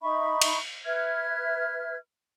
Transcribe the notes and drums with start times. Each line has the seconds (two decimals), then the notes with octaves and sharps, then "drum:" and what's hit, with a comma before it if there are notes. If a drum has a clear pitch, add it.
0.01 D#4 E5 B5 C#6
0.42 drum: cymbal
0.85 B4 E5 F6 G#6